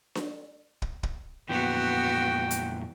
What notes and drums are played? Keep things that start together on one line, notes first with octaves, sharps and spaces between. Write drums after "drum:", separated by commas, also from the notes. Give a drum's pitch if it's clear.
drum: snare D4
drum: kick
drum: kick
F2 A#2 E3 B3 F#4 G5
drum: hi-hat